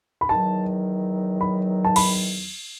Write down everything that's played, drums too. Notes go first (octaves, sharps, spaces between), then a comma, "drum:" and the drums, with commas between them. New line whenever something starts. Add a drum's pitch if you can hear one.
B5
E2 D#3 F#3 A5
B5
A5
B5, drum: cymbal